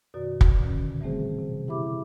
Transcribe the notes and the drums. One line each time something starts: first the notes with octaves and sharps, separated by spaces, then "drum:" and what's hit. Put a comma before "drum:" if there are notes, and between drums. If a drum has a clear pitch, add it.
F#2 B2 D#3 F#4 D5
drum: kick
A#2 D3 D#3 C#4
E3 G3 A3 C4 G#4 C5
C3
E4 G4 E5 B5 D6